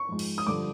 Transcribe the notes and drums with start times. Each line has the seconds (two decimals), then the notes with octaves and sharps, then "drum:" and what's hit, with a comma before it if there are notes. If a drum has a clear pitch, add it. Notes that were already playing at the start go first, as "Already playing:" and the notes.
Already playing: C#6
0.09 G#2 F3
0.19 drum: cymbal
0.38 D#6
0.47 G2 D3 F3 D6